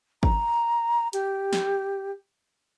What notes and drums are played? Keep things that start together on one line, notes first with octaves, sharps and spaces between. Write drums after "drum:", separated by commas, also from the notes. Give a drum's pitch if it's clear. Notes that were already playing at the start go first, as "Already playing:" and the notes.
A#5, drum: kick
G4, drum: hi-hat
drum: snare